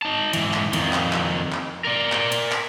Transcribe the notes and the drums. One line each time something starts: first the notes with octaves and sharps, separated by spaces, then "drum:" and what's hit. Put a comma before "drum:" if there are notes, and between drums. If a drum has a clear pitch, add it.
D#4 A5
G#2 E3, drum: cymbal
drum: clap
F2 D#3, drum: cymbal
drum: clap
drum: clap
drum: clap
A#4 D5
drum: clap
drum: cymbal
drum: clap